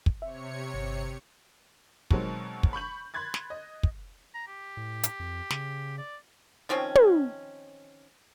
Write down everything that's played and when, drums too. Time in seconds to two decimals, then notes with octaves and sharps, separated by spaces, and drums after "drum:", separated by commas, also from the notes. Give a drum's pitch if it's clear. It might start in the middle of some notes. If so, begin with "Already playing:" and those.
0.06 drum: kick
0.22 C3 C#5 E5 C#7
0.74 G1
2.11 B2 D#3 F#3 G#3 C4, drum: kick
2.63 drum: kick
2.73 B5 C#6 G6 F#7
3.14 B5 C6 F#6 G#6 A6
3.34 drum: snare
3.50 D#5
3.83 drum: kick
4.34 A#5
4.48 G4
4.77 A2
5.03 drum: hi-hat
5.20 F2
5.50 C#3, drum: snare
5.98 D5
6.69 D#3 F3 C4 C#4
6.95 drum: tom